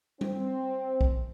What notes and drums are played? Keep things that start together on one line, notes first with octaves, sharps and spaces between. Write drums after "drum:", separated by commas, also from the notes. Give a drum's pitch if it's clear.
C4, drum: tom G3
drum: kick